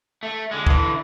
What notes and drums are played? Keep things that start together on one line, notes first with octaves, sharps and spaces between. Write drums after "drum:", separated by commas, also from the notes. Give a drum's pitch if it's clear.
A3
D3 G#3
D3 E3, drum: kick